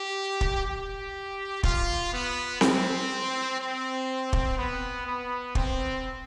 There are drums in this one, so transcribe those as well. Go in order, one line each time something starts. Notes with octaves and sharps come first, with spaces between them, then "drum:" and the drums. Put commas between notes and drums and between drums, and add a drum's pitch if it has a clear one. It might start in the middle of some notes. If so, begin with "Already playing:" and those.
Already playing: G4
drum: kick
G4
F4, drum: kick
B3
C4, drum: snare C4
C4
drum: kick
B3
B3
C4, drum: kick